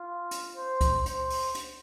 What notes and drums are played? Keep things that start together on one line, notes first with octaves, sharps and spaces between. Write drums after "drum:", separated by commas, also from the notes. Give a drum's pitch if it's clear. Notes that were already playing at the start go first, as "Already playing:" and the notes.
Already playing: F4
drum: hi-hat
C5
drum: kick C#2, hi-hat
C5, drum: hi-hat
drum: open hi-hat
drum: hi-hat